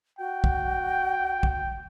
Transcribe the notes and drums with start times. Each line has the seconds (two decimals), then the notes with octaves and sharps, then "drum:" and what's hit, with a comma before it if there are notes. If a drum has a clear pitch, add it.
0.19 F#4 G5
0.44 drum: kick
1.43 drum: kick